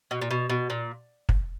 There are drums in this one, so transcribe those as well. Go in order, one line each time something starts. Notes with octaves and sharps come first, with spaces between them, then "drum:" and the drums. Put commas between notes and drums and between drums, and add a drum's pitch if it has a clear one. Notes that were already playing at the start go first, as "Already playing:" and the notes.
B2
A#2
B2
B2
A#2
drum: kick